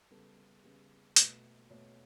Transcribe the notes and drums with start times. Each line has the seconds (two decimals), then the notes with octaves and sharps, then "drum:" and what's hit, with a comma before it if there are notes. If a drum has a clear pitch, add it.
0.10 C#3 G3 B3 A4
0.63 C#3 G3 B3
1.16 B2 A3 B4, drum: hi-hat
1.70 B2 A3 C#5